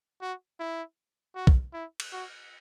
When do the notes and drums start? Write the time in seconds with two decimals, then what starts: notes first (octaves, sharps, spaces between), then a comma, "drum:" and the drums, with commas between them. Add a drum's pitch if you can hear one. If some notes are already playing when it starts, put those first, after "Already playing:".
0.22 F#4
0.60 E4
1.35 F#4
1.47 drum: kick
1.73 E4
2.00 drum: cymbal
2.12 F#4